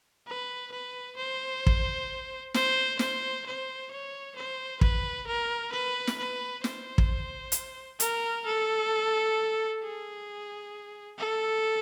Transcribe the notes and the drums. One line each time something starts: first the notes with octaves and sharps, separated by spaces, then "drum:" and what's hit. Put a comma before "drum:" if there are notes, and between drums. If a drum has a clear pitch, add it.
B4
B4
C5
drum: kick
C5, drum: snare
C5, drum: snare
C5
C#5
C5
B4, drum: kick
A#4
B4
drum: snare
B4
C5, drum: snare
drum: kick
drum: hi-hat
A#4, drum: hi-hat
A4
G#4
A4